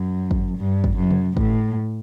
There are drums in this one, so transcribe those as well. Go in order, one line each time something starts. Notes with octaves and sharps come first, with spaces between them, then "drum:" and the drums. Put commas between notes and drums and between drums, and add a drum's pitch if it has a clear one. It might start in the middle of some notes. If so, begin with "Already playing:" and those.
Already playing: F#2
drum: kick
G2
drum: kick
F#2
drum: tom C3
A2, drum: kick